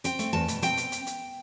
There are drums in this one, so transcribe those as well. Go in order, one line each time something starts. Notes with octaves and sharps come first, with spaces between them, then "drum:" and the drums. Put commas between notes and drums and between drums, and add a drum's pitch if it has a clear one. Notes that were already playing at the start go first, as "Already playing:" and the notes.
C4 G5, drum: hi-hat
A3, drum: hi-hat
E2 A5
B2, drum: hi-hat
C4 G5, drum: hi-hat
drum: hi-hat
drum: hi-hat
drum: hi-hat